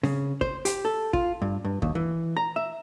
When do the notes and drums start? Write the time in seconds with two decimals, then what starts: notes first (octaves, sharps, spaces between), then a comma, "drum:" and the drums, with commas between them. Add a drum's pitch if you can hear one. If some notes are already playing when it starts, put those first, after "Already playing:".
0.03 C#3, drum: snare C4
0.41 C5, drum: kick
0.65 G4, drum: hi-hat
0.85 A4
1.13 F4, drum: kick
1.42 G2
1.65 G2
1.82 D#2, drum: kick
1.95 E3
2.37 A#5
2.56 E5